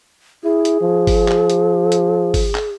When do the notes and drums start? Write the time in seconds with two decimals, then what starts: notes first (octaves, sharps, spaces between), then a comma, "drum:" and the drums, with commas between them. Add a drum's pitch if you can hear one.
0.44 E4 G#4
0.65 drum: hi-hat
0.81 F3
1.07 drum: kick G1, open hi-hat
1.28 drum: clap
1.50 drum: hi-hat
1.92 drum: hi-hat
2.34 drum: kick G1, open hi-hat
2.55 drum: clap